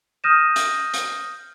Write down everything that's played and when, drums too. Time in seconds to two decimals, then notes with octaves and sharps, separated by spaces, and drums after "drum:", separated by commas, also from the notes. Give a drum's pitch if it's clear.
0.24 D#6 F6 G6 A#6 D#7 E7
0.56 drum: hi-hat
0.94 drum: hi-hat